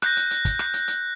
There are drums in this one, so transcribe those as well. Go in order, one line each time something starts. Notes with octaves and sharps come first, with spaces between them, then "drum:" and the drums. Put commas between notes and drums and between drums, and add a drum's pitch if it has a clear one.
F#6 G6 A#6, drum: rim click
drum: hi-hat
drum: hi-hat
drum: kick, hi-hat
drum: rim click
drum: hi-hat
drum: hi-hat